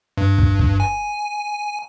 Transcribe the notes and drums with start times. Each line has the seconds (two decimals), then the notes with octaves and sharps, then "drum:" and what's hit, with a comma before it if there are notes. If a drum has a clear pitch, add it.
0.17 G2
0.38 drum: kick
0.59 drum: kick
0.80 G#5